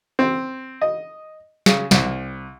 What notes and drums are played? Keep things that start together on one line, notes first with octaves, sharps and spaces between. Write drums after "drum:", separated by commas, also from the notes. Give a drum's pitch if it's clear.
C4
D#5
C#3, drum: snare
C2, drum: snare